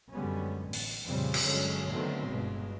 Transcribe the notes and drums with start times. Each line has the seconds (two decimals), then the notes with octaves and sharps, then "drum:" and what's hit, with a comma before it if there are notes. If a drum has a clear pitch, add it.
0.12 F#2 D3 G3 G#3 B3 C#4
0.73 A1, drum: open hi-hat
1.07 F2 A#2 C#3 G3 C4
1.34 drum: cymbal
1.44 G1 D3 F#3 G#3 C#4
1.92 D3 D#3 F#3 A3 B3 C4
2.27 G1 B2 G#3